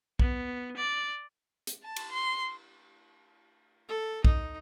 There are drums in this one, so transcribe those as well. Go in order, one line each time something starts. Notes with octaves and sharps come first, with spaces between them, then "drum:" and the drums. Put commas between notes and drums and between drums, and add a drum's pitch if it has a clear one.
B3, drum: kick B1
D5
drum: hi-hat
A5
drum: cymbal
C6
A4
D#4, drum: kick B1